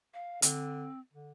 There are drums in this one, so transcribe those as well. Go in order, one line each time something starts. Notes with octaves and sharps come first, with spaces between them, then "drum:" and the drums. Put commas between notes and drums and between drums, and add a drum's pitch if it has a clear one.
F5
D3 C4, drum: hi-hat
D3